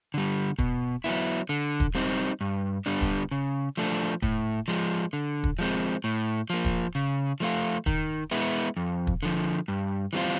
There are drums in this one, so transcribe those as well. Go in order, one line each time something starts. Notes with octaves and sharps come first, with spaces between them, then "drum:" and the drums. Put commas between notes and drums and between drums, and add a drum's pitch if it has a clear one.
D3 G3
B2, drum: kick
F#3 B3 E4
D3
drum: kick
G3 C4 D#4
G2
D3 G3 B3 D4
drum: kick
C#3
F3 A3 D4
A2, drum: kick
F3 G#3
D3
drum: kick
F3 G#3 C4
A2
F3 A#3
drum: kick
C#3
F3 A3 D4 F4
D#3, drum: kick
G#3 B3 E4
F2
drum: kick
D3 F3
G2
E3 G3 C4 F4